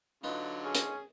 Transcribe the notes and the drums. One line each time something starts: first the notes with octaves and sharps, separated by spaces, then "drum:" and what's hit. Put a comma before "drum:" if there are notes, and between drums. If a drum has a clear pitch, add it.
D3 F#3 D#4 F4 B4
C#4 G#4
drum: hi-hat